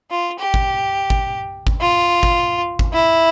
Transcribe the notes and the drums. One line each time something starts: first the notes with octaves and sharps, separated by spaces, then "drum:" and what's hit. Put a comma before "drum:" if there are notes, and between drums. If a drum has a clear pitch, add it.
F4
G4
drum: kick G#1
drum: kick G#1
drum: kick G#1
F4
drum: kick G#1
drum: kick G#1
E4